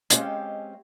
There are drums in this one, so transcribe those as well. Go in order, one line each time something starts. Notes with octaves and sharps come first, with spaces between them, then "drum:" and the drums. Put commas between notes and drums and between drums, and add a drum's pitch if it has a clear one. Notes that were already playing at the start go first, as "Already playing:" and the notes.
G#3 C4 C#4 G4 D#5 F5, drum: hi-hat